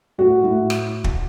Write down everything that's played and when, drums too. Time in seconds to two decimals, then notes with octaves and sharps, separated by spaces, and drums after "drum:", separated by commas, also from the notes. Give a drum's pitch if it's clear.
0.18 A2 F#4
0.44 A2
0.70 drum: rim click
1.04 drum: kick